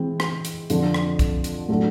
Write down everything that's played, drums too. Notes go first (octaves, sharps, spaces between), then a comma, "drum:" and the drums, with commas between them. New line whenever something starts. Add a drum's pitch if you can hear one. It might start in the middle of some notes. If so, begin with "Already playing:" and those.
Already playing: E3 G#3 C4
drum: rim click
drum: hi-hat
F2 D3 F3, drum: hi-hat
drum: rim click
drum: kick C2, hi-hat
drum: hi-hat
A2 F#3 A3 D4